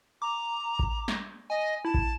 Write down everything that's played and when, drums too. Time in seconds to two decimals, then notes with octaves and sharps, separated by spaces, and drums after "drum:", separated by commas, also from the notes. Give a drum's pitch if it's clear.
0.22 A#5 D6
0.79 drum: kick A1
1.08 drum: snare
1.50 D#5 G#5
1.85 E4 A5
1.94 drum: kick A1